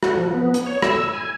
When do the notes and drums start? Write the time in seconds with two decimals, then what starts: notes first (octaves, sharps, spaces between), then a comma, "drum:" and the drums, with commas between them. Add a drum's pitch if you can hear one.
0.03 F#4, drum: rim click
0.17 F3
0.34 B3
0.54 drum: hi-hat
0.66 C#5
0.82 E6, drum: rim click
1.13 G#5